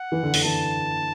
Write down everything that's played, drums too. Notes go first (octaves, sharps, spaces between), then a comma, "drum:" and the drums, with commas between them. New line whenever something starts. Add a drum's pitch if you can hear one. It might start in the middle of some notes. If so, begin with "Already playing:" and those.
Already playing: F#5
E3
D3
D3, drum: open hi-hat
E3 A5